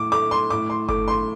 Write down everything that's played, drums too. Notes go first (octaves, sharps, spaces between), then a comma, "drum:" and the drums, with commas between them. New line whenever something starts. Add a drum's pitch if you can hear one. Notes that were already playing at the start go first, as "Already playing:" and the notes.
Already playing: A2 D6
A3 D6
C6
A2 D6
C6
A3 D6, drum: kick G1
C6